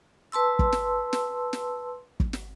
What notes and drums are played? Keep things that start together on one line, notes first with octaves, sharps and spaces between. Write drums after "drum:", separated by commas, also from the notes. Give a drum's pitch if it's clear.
B4 A5 C6 E6
drum: kick
drum: snare
drum: snare
drum: snare
drum: kick
drum: snare